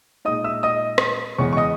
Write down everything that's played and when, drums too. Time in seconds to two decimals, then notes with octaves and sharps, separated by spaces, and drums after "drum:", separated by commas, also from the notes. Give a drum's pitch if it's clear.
0.25 A#2 G#3 D#4 D#5 D#6
0.44 E5 E6
0.63 D#5 D#6
0.98 drum: rim click
1.38 E2 C#3 G#3 B3 C#5 C#6
1.53 C#6
1.57 D#5 D#6